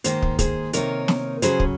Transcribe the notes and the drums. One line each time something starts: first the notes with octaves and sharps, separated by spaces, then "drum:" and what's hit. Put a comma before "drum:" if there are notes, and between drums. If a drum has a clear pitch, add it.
G#2 D#3 A#3 D#4 G#4 C5, drum: hi-hat
drum: kick
G#4 C5, drum: kick, hi-hat
C3 D#3 A#3 D#4 A#4 C#5, drum: hi-hat
drum: snare
C#3 F#3 C#4 G#4 C5, drum: hi-hat
drum: kick